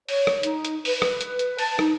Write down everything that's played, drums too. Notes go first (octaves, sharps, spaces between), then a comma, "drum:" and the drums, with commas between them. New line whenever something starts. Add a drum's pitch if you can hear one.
C#5, drum: open hi-hat
drum: rim click
D#4, drum: hi-hat
drum: hi-hat
B4, drum: open hi-hat
drum: rim click
drum: hi-hat
drum: hi-hat
A5, drum: open hi-hat
D#4, drum: rim click